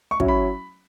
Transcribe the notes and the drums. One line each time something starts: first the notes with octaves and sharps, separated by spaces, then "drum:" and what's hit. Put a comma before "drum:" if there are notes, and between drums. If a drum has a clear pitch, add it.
C#6
F#3 C#4 E4, drum: kick
B5